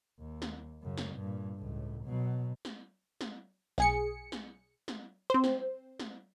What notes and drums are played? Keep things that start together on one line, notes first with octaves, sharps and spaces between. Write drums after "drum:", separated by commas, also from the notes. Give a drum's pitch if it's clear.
D#2
drum: snare
F#2 C#3
drum: snare
G2 A#2
C#2 A2
B2 F#3
drum: snare
drum: snare
B1 G#4 C#7, drum: snare
drum: snare
drum: snare
C4 C5
drum: snare
drum: snare